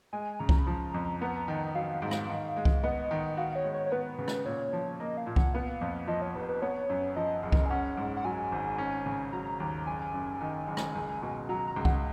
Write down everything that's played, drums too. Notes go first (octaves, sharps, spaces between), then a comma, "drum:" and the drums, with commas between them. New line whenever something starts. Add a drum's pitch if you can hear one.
G#3 G#5
C#3 A#5
drum: kick C2
B5
F3 A#5
F2
B3 A#5
D#3
F#3 F5
G#2
drum: rim click
D#3
G#3
drum: kick C2
B3 D#5
D#3
F#4 F5
C#5
G#3
C#5
C#5
B3 B4
C#3
drum: rim click
A#2 C#5
F3
A#3 D#5
F5
A#2
F#5, drum: kick C2
B3 F5
F2
F3 D#5
C#5
F1 B4
B4
B3 C#5
F#2
F3 D#5
F#1
drum: kick C2
G#5
C#4 F#5
G#2
F#5
F#3 G#5
G#1
C#4
C#3
F#3 A#5
D#2
F#1 G#5
F#2
D#3
F#1
drum: rim click
C#2
B2
F#3 A#5
A#5
C#2
F#5, drum: kick C2